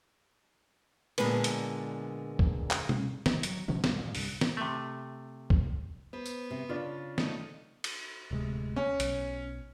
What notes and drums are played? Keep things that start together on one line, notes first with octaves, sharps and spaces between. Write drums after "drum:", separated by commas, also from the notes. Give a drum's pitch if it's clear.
A#2 D3 G#3 B3 B4, drum: cymbal
drum: hi-hat
drum: kick
drum: clap
drum: tom
D#3, drum: snare
F#3, drum: hi-hat
B2 D3 F3 C#4
E1 G2 F#3 C4, drum: snare
A#2 F3
C2 G2, drum: open hi-hat
drum: snare
C3 A3
drum: kick
B3 C5
drum: tambourine
C3
C#3 D4 F4
A3 D#4, drum: snare
drum: cymbal
D1 C3 G#3
C#4
B1, drum: hi-hat